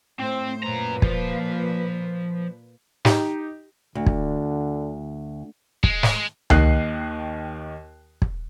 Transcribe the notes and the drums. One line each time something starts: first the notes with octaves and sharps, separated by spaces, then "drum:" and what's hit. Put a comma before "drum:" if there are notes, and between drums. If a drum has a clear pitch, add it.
A2 C4 C5
F#2 A#2 B4 A#5
F3, drum: kick
D#4 G4, drum: snare
D2 D3
drum: kick
G#3, drum: kick
drum: snare
D#2 D#3 D#5 F#6 C7, drum: tom C#2
drum: kick